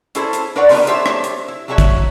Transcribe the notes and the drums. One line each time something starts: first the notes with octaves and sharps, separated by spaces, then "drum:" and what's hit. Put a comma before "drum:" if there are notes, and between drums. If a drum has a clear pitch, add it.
C#4 E4 G#4 A4 C5, drum: hi-hat
drum: hi-hat
D4 A#4 B4 C#5 D5 F#5
C#3 F3 B3 D#4 G4 A#4, drum: open hi-hat
G4 A4 C5 C#5 E5, drum: hi-hat
drum: rim click
drum: hi-hat
E4
F#3 E4 G4 A4 C#5 E5
drum: kick, hi-hat